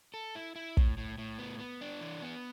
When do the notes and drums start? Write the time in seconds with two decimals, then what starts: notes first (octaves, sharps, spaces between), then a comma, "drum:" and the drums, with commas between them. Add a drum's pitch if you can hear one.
0.14 A4
0.35 E4
0.56 E4
0.77 A2, drum: kick
0.98 A2
1.18 A2
1.39 B3
1.59 B3
1.81 D4
2.01 E3
2.22 B3